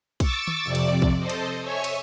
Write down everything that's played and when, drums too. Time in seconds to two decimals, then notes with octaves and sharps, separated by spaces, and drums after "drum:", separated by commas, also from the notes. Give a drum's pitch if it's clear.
0.20 C#6 D6 E6 A6, drum: kick, cymbal
0.47 drum: tom D#3
0.64 F2 C3 D5
0.75 drum: cymbal
1.02 drum: kick
1.18 A4 C5 D#5
1.29 drum: cymbal
1.62 C#5 E5 G#5 C#6
1.84 drum: cymbal